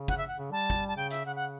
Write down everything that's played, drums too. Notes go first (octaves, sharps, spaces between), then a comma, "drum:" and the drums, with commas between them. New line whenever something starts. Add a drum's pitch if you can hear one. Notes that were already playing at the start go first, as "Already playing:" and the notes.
Already playing: C#3
F#5, drum: kick
E5
F#5
C#3
G3 A5
drum: kick
A5
C#3 G5
E5, drum: hi-hat
C#3 F#5
F#5